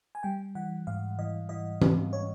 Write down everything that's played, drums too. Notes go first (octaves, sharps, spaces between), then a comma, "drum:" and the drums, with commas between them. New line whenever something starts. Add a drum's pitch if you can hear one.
G#5
G3 G5
E3 F#5
G#2 F5
E3 D#5
E3 D#5
G#2, drum: tom
C#5